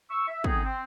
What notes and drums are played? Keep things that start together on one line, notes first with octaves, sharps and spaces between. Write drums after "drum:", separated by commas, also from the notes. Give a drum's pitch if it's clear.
C#6 E6
E5
D3 B3 C4 D#4 G#4, drum: kick
C4